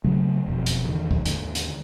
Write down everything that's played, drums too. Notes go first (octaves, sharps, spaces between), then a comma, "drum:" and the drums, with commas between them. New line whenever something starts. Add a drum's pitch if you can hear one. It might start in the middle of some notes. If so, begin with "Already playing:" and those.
C#3 F#3 A3
E1 B1 F2 B2
drum: hi-hat
E2 D3 D#3
drum: kick
D#2 G#2 D3, drum: hi-hat
drum: hi-hat